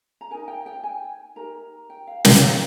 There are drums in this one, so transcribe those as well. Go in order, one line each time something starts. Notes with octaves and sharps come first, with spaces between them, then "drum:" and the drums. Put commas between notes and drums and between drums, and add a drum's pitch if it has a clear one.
A#5
D#4 A#4 G#5
G5
G5
G#5
D#4 G4 A#4 A#5
G5
F5
D#5, drum: snare
F4 A#4 F5